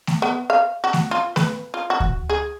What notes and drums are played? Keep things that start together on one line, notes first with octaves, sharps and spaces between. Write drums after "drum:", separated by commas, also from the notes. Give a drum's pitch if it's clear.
drum: snare A3
B3
F5
F#4
drum: snare A3
F4
B4, drum: snare A3
F4
F#4
drum: kick D2
G#4